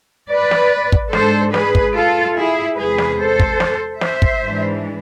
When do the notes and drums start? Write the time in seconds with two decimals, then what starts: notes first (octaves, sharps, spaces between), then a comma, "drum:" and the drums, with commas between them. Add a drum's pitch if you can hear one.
0.30 B4 D5
0.51 drum: snare
0.92 drum: kick
1.13 G#2 G#3 D4 A4 C5, drum: snare
1.54 G#4 B4, drum: snare
1.75 drum: kick
1.95 F4 A4
2.37 E4 G#4
2.78 E2 C3 G#3 G#4 B4
2.98 drum: snare
3.19 A4 C5
3.40 drum: kick
3.60 drum: snare
4.01 C5 E5, drum: snare
4.22 drum: kick
4.43 G#2 E3 G#3 D4